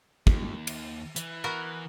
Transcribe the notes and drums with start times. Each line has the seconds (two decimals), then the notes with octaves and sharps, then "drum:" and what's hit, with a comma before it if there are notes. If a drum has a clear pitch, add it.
0.27 D#2, drum: kick
0.67 drum: cymbal
1.16 E3, drum: hi-hat
1.44 B3 F#4 A#4